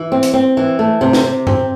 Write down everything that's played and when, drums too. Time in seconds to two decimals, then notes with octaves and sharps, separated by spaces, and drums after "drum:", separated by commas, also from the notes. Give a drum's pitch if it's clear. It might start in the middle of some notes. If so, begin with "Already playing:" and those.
Already playing: E3
0.12 C4
0.23 drum: hi-hat
0.34 C4
0.57 E3
0.79 A3
1.01 C3
1.13 drum: snare
1.24 C3
1.47 C4, drum: tom F#2